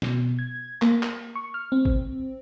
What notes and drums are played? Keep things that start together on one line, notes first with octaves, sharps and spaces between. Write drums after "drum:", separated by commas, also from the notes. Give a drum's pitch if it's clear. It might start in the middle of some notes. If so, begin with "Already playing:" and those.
B2, drum: snare
G#6
A#3, drum: clap
drum: clap
C#6
F6
C4
drum: kick